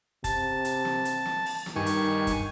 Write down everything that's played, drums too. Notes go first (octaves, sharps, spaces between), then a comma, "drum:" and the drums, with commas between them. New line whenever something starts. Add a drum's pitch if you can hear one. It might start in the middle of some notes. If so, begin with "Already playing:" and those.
C3 A5, drum: kick, hi-hat
drum: hi-hat
drum: snare
drum: hi-hat
drum: snare
drum: open hi-hat
drum: snare
G2 D#3 G#5 C#6
drum: hi-hat
drum: kick, hi-hat